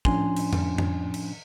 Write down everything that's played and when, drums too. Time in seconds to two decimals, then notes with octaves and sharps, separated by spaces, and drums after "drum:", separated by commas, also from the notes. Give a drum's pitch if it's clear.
0.05 A2 F3 C#4 D4 G#5 C6, drum: kick
0.36 drum: cymbal
0.53 drum: tom F2
0.78 drum: tom F2
1.14 drum: cymbal